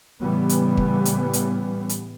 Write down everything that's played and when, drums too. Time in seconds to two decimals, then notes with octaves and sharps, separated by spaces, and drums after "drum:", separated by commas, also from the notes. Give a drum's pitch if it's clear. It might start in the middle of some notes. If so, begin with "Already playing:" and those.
0.21 A2 C#3 E3 G3 B3
0.49 drum: hi-hat
0.77 drum: kick
1.05 drum: hi-hat
1.33 drum: hi-hat
1.89 drum: hi-hat